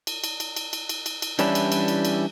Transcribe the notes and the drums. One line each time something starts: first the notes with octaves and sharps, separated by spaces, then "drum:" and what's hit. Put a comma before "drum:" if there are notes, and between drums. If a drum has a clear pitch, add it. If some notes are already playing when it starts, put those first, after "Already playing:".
drum: cymbal
drum: cymbal
drum: cymbal
drum: cymbal
drum: cymbal
drum: cymbal
drum: cymbal
drum: cymbal
E3 G3 C#4 D4 E4, drum: cymbal
drum: cymbal
drum: cymbal
drum: cymbal
drum: cymbal